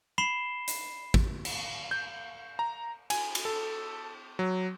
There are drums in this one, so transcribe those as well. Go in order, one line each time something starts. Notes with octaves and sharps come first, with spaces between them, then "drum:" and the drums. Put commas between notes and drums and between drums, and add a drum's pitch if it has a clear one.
B5 C7 E7 G7
drum: hi-hat
drum: kick
drum: cymbal
G6
A#5
G#5, drum: cymbal
drum: cymbal
A4
F#3